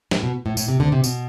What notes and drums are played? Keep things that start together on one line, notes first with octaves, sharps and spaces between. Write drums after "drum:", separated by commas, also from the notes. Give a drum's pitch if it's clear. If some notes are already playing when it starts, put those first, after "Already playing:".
A2, drum: snare
B2
A2
A2, drum: tambourine
C3
D2 D3
C3
B2, drum: tambourine